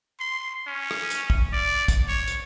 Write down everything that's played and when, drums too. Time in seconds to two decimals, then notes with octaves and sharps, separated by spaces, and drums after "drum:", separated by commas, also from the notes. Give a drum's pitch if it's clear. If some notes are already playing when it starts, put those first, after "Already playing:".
0.20 C6
0.67 C#4
0.91 drum: rim click
1.10 drum: hi-hat
1.30 drum: kick
1.53 D5
1.88 drum: kick, hi-hat
2.08 C#5
2.27 drum: hi-hat